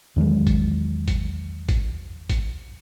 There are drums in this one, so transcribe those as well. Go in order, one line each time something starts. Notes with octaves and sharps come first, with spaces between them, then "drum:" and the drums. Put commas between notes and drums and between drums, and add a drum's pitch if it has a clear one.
E2 D#3 F#3 G#3
drum: kick G#1, hi-hat
drum: kick G#1, hi-hat
drum: kick G#1, hi-hat
drum: kick G#1, hi-hat